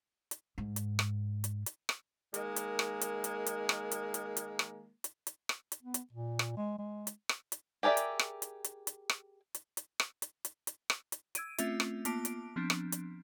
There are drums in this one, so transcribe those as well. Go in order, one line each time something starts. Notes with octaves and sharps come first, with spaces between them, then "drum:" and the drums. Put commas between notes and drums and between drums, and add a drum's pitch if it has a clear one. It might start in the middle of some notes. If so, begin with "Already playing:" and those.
drum: hi-hat
G#2
drum: hi-hat
drum: rim click
drum: hi-hat
drum: hi-hat
drum: rim click
D#3 G#3 A#3, drum: hi-hat
drum: hi-hat
drum: rim click
drum: hi-hat
drum: hi-hat
drum: hi-hat
drum: rim click
drum: hi-hat
drum: hi-hat
drum: hi-hat
drum: rim click
drum: hi-hat
drum: hi-hat
drum: rim click
drum: hi-hat
B3
drum: hi-hat
A#2
drum: rim click
G#3
G#3
drum: hi-hat
drum: rim click
drum: hi-hat
G4 G#4 A#4 D5 E5
drum: hi-hat
drum: rim click
drum: hi-hat
drum: hi-hat
drum: hi-hat
drum: rim click
drum: hi-hat
drum: hi-hat
drum: rim click
drum: hi-hat
drum: hi-hat
drum: hi-hat
drum: rim click
drum: hi-hat
E6 G#6 D7 D#7, drum: hi-hat
A3 C4 C#4 F4 E5, drum: hi-hat
drum: rim click
A#3 B3 F4 A5 D6 D7, drum: hi-hat
drum: hi-hat
F3 B3 C4 D4
drum: rim click
drum: hi-hat